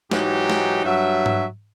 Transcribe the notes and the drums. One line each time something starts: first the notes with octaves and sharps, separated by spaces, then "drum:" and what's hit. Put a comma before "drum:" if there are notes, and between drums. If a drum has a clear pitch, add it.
G#2 E3 F#3 D#4 G4, drum: snare
drum: snare
G2 F#3 E5
drum: tom G#2